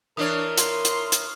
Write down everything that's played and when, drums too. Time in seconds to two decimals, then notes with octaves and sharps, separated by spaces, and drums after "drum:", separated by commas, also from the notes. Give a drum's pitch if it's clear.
0.17 E3 D4 A#4 C#5 D#6 F6
0.57 C6, drum: hi-hat
0.85 drum: hi-hat
1.12 drum: hi-hat